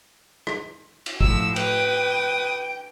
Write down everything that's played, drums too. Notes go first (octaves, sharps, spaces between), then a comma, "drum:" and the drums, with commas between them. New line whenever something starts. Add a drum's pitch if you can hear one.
drum: rim click
drum: cymbal
A2 F3 E6 E7, drum: kick
B4 G5 D#6, drum: cymbal